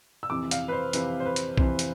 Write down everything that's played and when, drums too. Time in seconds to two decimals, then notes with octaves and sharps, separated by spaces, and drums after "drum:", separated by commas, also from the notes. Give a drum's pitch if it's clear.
0.23 E6
0.30 F2 C3 E3 D6
0.51 F5, drum: hi-hat
0.68 B4
0.72 C5
0.93 F2 C3 E3 B4, drum: hi-hat
1.20 C5
1.25 B4
1.36 drum: hi-hat
1.58 F2 C3 E3 C5, drum: kick B1
1.79 drum: hi-hat